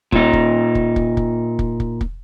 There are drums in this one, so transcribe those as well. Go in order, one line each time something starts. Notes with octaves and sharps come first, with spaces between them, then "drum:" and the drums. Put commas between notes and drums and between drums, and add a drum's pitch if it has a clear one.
A#2 D#4, drum: kick
drum: kick
drum: kick
drum: kick
drum: kick
drum: kick
drum: kick
drum: kick